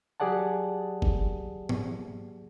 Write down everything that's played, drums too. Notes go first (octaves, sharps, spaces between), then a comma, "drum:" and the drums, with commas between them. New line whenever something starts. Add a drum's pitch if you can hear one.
F#3 G4 G#4 D5 F#5 A5
drum: kick
drum: tom G#2